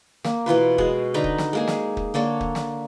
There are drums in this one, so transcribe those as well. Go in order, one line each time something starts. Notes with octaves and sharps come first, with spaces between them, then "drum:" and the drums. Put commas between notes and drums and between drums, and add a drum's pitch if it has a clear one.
A#3, drum: snare
B2 E3 F4 B4
G#3 F#4, drum: kick
D3 D#4 B4 A#5
drum: kick
drum: snare
G#3 A#3 G#4
drum: snare
drum: kick
D3 A#3 A4 C#5
drum: kick
drum: snare